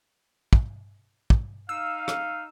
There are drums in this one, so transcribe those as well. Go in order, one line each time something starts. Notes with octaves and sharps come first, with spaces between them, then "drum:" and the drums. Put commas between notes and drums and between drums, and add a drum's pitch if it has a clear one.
drum: kick
drum: kick
D#4 F5 E6
drum: rim click